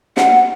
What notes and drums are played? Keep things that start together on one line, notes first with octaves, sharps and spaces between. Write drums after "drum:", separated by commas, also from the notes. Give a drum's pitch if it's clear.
F#5, drum: snare